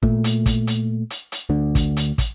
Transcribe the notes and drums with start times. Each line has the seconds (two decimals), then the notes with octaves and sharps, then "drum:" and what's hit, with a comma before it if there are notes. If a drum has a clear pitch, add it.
0.03 A#2 A3, drum: kick
0.24 drum: hi-hat
0.46 drum: kick, hi-hat
0.67 drum: hi-hat
1.10 drum: hi-hat
1.32 drum: hi-hat
1.50 D2 D3
1.75 drum: kick, hi-hat
1.97 drum: hi-hat
2.18 drum: kick, hi-hat